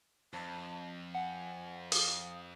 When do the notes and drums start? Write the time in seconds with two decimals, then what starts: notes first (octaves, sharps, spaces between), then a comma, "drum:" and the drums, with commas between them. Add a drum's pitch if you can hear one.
0.33 F2 A5
1.15 F#5 G#5
1.92 F5 D#6, drum: open hi-hat